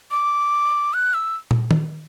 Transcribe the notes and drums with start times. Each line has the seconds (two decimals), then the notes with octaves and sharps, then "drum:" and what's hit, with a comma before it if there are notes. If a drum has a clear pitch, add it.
0.11 D6
0.94 F#6
1.14 E6
1.51 drum: tom
1.71 drum: tom D#3